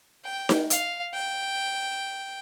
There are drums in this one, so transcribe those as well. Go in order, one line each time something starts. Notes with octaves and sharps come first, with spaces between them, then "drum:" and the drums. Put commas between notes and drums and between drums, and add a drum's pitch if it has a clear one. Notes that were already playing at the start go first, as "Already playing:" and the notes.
G5
drum: snare D#4
F5, drum: hi-hat
G5